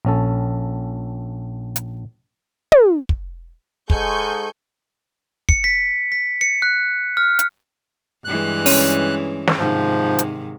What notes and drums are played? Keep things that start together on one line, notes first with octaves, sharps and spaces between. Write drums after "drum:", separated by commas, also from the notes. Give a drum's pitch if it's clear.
A#1 C#4 A4
drum: hi-hat
drum: tom
drum: kick
G#2 G#3 A4 G#5 C#6 G6, drum: kick
C#7, drum: kick
B6
B6
C#7
F#6
F6
drum: hi-hat
G2 E3 G#3 F#6
C#4, drum: open hi-hat
drum: snare
G#2 C3 D#3 F3
drum: hi-hat